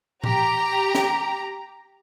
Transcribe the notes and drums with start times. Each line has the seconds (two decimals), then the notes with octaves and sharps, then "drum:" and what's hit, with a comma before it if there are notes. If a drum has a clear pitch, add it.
0.24 G4 A#5, drum: tom A2
0.95 drum: snare